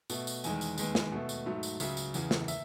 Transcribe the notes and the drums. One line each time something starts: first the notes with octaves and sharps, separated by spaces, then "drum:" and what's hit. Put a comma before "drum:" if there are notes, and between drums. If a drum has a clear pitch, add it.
B2 A3, drum: tambourine
drum: tambourine
E2 D#3 G#3 G#5, drum: tambourine
drum: tambourine
D#2 D#3 G#3 B3, drum: tambourine
drum: snare
B2 A3
drum: tambourine
G#2 F#3 A3
drum: tambourine
C#2 C#3 F#3 E5, drum: tambourine
drum: tambourine
E2 C#3 E3, drum: tambourine
drum: snare
E5, drum: tambourine